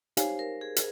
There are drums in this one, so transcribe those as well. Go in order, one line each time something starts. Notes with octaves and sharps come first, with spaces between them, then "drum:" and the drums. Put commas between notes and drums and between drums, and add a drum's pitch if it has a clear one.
D#4 G4 C5 C#5 F5 G#5, drum: hi-hat
A#4
G#4
drum: hi-hat